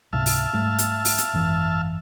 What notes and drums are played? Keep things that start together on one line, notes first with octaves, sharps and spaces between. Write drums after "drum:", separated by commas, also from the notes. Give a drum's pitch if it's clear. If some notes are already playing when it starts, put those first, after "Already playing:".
C#2 G#2 C3 E5 F5 A5
drum: open hi-hat
G#2 G3 A3
drum: hi-hat
drum: open hi-hat
drum: hi-hat
G#1 F#2 E3